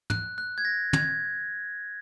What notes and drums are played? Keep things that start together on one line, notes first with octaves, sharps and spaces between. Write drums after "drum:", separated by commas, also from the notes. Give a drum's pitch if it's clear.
F#6, drum: tom
F#6
G#6
A#6
G#6, drum: tom